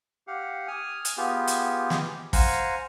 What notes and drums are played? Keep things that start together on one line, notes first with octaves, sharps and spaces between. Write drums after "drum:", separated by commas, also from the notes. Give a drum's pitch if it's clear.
G4 F5 F#5
G#5 D#6 F6
drum: hi-hat
B3 F4 G4 G#4
drum: hi-hat
drum: snare
C5 F5 F#5 G#5 A#5, drum: kick, open hi-hat